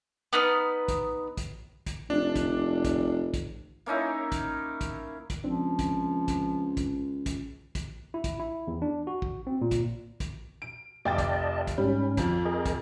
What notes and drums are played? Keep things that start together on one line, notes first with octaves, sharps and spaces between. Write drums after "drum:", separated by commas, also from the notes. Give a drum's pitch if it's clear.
B3 D#4 B4 F6
drum: kick, hi-hat
drum: kick, hi-hat
drum: kick, hi-hat
F1 D4
drum: kick, hi-hat
drum: kick, hi-hat
drum: kick, hi-hat
A#3 C#4 D#4 E4
drum: kick, hi-hat
drum: kick, hi-hat
drum: kick, hi-hat
C#2 F3 C4 D4
drum: kick, hi-hat
drum: kick, hi-hat
drum: kick, hi-hat
drum: kick, hi-hat
drum: kick, hi-hat
E4
drum: kick, hi-hat
E4
E2
D4
F#4
drum: kick
C4
A#2
drum: kick, hi-hat
drum: kick, hi-hat
D7
F1 D5 D#5 G5 A5 A6
drum: kick, hi-hat
drum: kick, hi-hat
G#2 G3 C#4
F2 F3, drum: kick, hi-hat
G#4 A#4 D#5
drum: kick, hi-hat